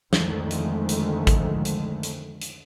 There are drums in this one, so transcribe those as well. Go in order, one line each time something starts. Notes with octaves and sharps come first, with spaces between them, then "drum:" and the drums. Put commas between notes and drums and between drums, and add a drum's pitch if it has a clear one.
F2 D3 D#3 F3 G#3 A3, drum: snare
drum: hi-hat
drum: hi-hat
drum: kick, hi-hat
drum: hi-hat
drum: hi-hat
drum: hi-hat